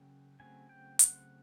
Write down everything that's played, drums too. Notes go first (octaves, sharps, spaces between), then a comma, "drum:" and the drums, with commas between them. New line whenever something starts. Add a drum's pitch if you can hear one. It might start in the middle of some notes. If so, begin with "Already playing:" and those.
Already playing: C#3 F#3 A#3 C#4 G5
C#3 F#3 A3 C4 G#5
G5
F#5, drum: hi-hat